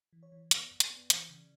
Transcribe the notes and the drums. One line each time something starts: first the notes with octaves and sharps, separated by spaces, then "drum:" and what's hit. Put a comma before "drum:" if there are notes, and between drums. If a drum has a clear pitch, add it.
E3
C#5
E3
B3 D5, drum: hi-hat
F#2
drum: hi-hat
B3
E3, drum: hi-hat
C#3